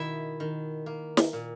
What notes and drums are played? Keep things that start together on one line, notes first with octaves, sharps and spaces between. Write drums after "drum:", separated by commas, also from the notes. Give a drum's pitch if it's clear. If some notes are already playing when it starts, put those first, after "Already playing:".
Already playing: B2 D#3 E4 E5
D#3
A#3
drum: snare
A#2